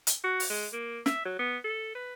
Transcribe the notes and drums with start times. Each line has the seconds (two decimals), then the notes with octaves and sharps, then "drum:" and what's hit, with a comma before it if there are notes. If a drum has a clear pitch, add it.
0.07 drum: hi-hat
0.24 F#4
0.40 drum: open hi-hat
0.50 G#3
0.73 A#3
1.06 E5, drum: snare
1.25 F#3
1.39 B3
1.64 A4
1.95 B4